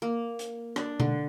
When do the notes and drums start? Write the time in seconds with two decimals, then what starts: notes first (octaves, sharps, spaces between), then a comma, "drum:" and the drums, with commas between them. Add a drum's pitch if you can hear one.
0.02 A#3
0.39 drum: hi-hat
0.76 D4, drum: rim click
1.00 D3, drum: tom B2